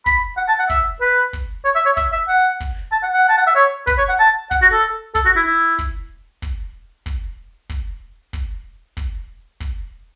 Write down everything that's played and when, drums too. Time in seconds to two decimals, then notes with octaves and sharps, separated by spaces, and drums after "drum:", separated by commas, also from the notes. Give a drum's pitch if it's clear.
0.06 B5, drum: kick
0.37 F#5
0.48 A5
0.59 F#5
0.70 E5, drum: kick
1.01 B4
1.33 drum: kick
1.65 C#5
1.75 E5
1.86 C#5
1.97 E5, drum: kick
2.13 E5
2.29 F#5
2.60 drum: kick
2.92 A5
3.03 F#5
3.13 F#5
3.29 A5
3.38 F#5
3.47 E5
3.56 C#5
3.87 B4, drum: kick
3.98 C#5
4.09 F#5
4.19 A5
4.51 F#5, drum: kick
4.62 F#4
4.73 A4
5.15 A4, drum: kick
5.25 F#4
5.36 E4
5.47 E4
5.79 drum: kick
6.42 drum: kick
7.06 drum: kick
7.69 drum: kick
8.33 drum: kick
8.97 drum: kick
9.60 drum: kick